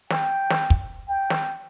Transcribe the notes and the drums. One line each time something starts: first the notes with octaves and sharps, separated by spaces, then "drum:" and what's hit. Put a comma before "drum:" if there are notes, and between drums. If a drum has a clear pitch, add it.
G5, drum: snare
drum: snare
drum: kick
G5
drum: snare